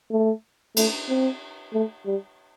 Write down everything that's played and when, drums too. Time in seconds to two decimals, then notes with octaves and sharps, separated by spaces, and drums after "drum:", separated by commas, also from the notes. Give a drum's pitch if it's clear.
0.12 A3
0.77 A3, drum: cymbal
1.09 C4
1.74 A3
2.06 G3